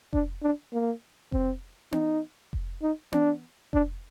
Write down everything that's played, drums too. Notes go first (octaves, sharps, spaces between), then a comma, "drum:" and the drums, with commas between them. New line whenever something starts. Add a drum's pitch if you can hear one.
D4, drum: kick F1
D4
A#3
C4, drum: kick F1
D#4, drum: tom B3
drum: kick F1
D#4
D4, drum: tom B3
D4, drum: kick F1